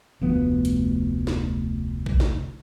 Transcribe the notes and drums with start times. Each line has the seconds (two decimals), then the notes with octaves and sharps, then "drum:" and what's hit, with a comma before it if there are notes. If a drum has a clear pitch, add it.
0.21 F1 D2 F3 B3
0.65 drum: hi-hat
1.27 drum: snare
2.06 drum: kick A#1
2.20 drum: snare